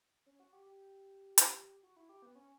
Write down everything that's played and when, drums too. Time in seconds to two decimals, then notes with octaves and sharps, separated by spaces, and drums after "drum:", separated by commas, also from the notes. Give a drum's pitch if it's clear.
0.26 C#4
0.40 F#4
0.53 G4
0.66 G4
1.38 drum: hi-hat
1.83 F#4
1.97 E4
2.09 G4
2.22 B3
2.35 C#4